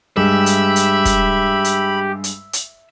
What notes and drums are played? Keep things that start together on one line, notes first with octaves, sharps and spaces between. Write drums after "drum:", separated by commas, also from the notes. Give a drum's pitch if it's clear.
G2 G#3 G4 E5 B5
drum: hi-hat
drum: hi-hat
drum: kick, hi-hat
drum: hi-hat
drum: hi-hat
drum: hi-hat